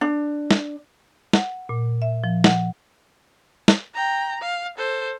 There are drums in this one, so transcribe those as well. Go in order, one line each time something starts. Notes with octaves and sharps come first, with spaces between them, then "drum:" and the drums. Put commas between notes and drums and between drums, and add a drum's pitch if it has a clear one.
D4
drum: snare
F#5, drum: snare
A#2
E5
F3
F#5, drum: snare
drum: snare
G5 A#5
F5
A4 C5